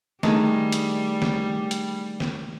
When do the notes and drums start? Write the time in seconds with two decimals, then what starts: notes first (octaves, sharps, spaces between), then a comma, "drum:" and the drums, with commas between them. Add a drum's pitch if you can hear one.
0.23 D#3 G3 A3 D4 G#4, drum: snare
0.72 drum: hi-hat
1.22 drum: snare
1.71 drum: hi-hat
2.20 drum: snare